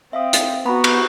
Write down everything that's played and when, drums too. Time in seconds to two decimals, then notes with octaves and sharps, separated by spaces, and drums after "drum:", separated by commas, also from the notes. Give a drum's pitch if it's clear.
0.13 C4 E5 F5 D#6
0.33 drum: hi-hat
0.66 B3 F#4 A#5 B5
0.84 drum: cymbal